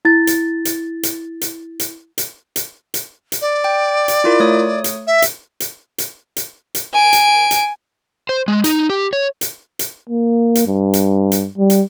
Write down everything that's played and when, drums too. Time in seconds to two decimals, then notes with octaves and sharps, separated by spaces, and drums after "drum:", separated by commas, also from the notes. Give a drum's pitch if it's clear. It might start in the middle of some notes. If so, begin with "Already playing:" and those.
0.05 E4 A6
0.27 drum: hi-hat
0.65 drum: hi-hat
1.03 drum: hi-hat
1.41 drum: hi-hat
1.80 drum: hi-hat
2.18 drum: hi-hat
2.56 drum: hi-hat
2.94 drum: hi-hat
3.32 drum: hi-hat
3.41 D5
3.64 G5
4.08 drum: hi-hat
4.24 E4 F4 A#4
4.40 A3 C#5 D#6
4.84 drum: hi-hat
5.07 E5
5.22 drum: hi-hat
5.60 drum: hi-hat
5.98 drum: hi-hat
6.37 drum: hi-hat
6.75 drum: hi-hat
6.94 G#5 D7
7.13 drum: hi-hat
7.51 drum: hi-hat
8.29 C5
8.48 G#3
8.64 D#4, drum: hi-hat
8.90 G4
9.13 C#5
9.41 drum: hi-hat
9.79 drum: hi-hat
10.09 A#3
10.55 drum: hi-hat
10.67 G2
10.93 drum: hi-hat
11.32 drum: hi-hat
11.58 G3
11.70 drum: hi-hat